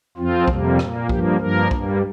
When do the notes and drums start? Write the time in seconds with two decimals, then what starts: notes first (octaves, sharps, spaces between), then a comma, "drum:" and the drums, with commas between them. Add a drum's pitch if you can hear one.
0.17 F2 F3 C4 F4
0.48 F2 C3 G3 A#3, drum: kick
0.79 A#2 A#3, drum: rim click
1.09 G2 F3 A#3 G4, drum: kick
1.40 G2 F3 A#3 A#4
1.71 G2 G3 A#3, drum: kick